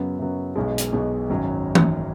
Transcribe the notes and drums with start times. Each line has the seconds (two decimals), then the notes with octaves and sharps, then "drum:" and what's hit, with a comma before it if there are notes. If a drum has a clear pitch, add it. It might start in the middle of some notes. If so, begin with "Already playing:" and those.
Already playing: F#2 C#3 F#3 B3
0.19 F#2 C#3 F#3 B3
0.56 B1 B2 G#3
0.78 drum: hi-hat
0.92 B1 B2 G#3
1.29 G#1 F#2 F#3 C#4
1.75 drum: tom E3